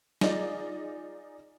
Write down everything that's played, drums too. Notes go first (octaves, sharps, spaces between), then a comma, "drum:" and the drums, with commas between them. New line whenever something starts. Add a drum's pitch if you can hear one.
D#4 F4 G#4 D5 D#5, drum: snare